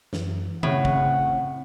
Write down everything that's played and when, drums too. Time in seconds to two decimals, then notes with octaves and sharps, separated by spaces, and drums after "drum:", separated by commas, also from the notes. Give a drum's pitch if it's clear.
0.13 F#2 E3, drum: snare
0.63 A2 C#3 C4 C#5 F#5, drum: tom D#3
0.85 drum: kick
1.04 C4